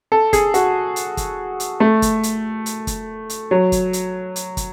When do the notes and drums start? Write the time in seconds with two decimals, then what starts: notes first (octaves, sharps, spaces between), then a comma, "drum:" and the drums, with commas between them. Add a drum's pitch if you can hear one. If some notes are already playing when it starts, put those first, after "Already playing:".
0.12 A4
0.33 G#4, drum: kick, hi-hat
0.54 F#4, drum: hi-hat
0.96 drum: hi-hat
1.17 drum: kick, hi-hat
1.60 drum: hi-hat
1.80 A3
2.02 drum: kick, hi-hat
2.23 drum: hi-hat
2.66 drum: hi-hat
2.87 drum: kick, hi-hat
3.30 drum: hi-hat
3.51 F#3
3.72 drum: kick, hi-hat
3.93 drum: hi-hat
4.36 drum: hi-hat
4.57 drum: kick, hi-hat